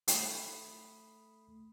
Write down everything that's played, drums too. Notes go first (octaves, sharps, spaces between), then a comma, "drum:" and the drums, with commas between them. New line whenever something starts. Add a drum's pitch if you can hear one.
A3 B5 D#6, drum: hi-hat